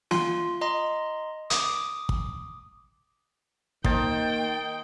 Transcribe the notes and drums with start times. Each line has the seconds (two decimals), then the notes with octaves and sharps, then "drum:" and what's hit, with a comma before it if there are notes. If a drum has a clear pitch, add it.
0.11 F4 C6, drum: snare
0.61 D#5 A#5 C6
1.50 D6 D#6, drum: hi-hat
2.09 drum: kick
3.84 D#3 A#3 D#4 C5 G5 A5, drum: kick